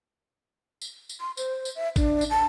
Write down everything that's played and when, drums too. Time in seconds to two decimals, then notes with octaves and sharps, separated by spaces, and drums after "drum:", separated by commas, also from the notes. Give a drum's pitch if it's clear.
0.82 drum: tambourine
1.09 drum: tambourine
1.20 C6
1.37 C5, drum: tambourine
1.65 drum: tambourine
1.76 E5
1.96 D4, drum: kick A1, tambourine
2.21 drum: tambourine
2.30 A5